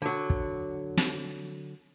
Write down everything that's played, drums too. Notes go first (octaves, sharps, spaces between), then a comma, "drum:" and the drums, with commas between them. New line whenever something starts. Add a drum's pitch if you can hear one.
D3 F#3
drum: kick
drum: snare